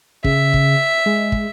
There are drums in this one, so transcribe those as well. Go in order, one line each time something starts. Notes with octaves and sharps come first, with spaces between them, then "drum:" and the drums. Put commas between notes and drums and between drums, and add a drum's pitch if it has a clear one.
C#3 E5, drum: kick
drum: kick
G#3
drum: kick